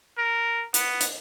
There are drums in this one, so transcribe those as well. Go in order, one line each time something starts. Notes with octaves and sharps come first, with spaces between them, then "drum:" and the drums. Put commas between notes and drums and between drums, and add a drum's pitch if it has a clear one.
A#4
B3, drum: hi-hat
drum: hi-hat